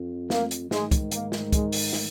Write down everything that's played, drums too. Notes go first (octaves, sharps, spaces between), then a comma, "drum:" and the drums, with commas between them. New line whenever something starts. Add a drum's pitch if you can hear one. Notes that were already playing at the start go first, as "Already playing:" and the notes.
Already playing: F2
A#3, drum: snare
drum: hi-hat
G#2 D#3 G#3, drum: snare
drum: kick, hi-hat
A#3, drum: hi-hat
drum: snare
G#3, drum: kick, hi-hat
drum: open hi-hat
drum: snare